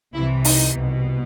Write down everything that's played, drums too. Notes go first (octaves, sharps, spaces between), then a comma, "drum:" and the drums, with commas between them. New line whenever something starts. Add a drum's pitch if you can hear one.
C2 C3 E3 E4
D#4, drum: open hi-hat
C2 B2